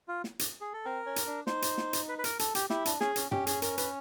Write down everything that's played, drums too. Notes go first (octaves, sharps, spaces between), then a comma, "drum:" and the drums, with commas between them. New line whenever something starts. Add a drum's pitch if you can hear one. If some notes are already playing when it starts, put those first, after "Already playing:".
F4
drum: snare
drum: hi-hat
G#4
A4
C4 A#4
C#4
drum: hi-hat
D4
D#4 C5, drum: snare
drum: hi-hat
drum: snare
drum: hi-hat
B4
B4
A#4, drum: hi-hat
A4, drum: hi-hat
G4, drum: hi-hat
E4 G4, drum: snare
D4, drum: hi-hat
C#4 G#4, drum: snare
C#4, drum: hi-hat
C#4 G4, drum: tom
G#4, drum: hi-hat
A#4, drum: hi-hat
B4, drum: hi-hat